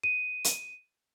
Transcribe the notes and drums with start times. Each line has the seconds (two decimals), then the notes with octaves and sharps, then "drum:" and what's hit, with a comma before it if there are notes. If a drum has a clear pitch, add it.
0.04 D#7
0.44 drum: hi-hat